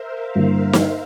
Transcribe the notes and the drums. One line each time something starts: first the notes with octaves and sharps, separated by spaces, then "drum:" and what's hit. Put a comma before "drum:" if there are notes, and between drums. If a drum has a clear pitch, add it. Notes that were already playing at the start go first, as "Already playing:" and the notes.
Already playing: A#4 C5 E5
F5
G2 D3 G3 A#3 E4
drum: snare